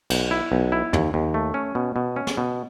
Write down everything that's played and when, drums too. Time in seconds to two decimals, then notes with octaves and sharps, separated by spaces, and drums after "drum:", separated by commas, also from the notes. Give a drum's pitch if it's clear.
0.10 B1, drum: cymbal
0.31 E4
0.52 B1
0.72 E4
0.93 D#2, drum: tom
1.14 D#2
1.34 A3
1.54 C#4
1.75 B2
1.96 B2
2.16 C#4
2.27 drum: snare
2.37 B2